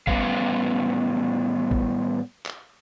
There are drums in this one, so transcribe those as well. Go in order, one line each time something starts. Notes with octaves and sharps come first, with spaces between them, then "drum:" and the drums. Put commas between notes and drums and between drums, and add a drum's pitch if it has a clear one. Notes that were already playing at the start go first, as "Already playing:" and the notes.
A2 G3 B3 C#4 F5, drum: kick
drum: kick
drum: clap